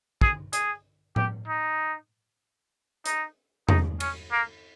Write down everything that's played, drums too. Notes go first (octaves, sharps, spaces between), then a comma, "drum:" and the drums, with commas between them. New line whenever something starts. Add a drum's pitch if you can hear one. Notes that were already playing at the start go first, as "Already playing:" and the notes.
G#4, drum: kick
G#4, drum: hi-hat
G4, drum: tom A2
D#4
D#4, drum: hi-hat
D#4, drum: tom E2
C#4, drum: cymbal
A#3